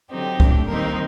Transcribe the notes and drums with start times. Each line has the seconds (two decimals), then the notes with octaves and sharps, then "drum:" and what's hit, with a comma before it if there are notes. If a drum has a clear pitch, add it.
0.11 D3 F#3 C4 D#4 G4
0.40 A2 A3 D4, drum: kick
0.67 D#3 G3 A#3 C4 D#4 A#4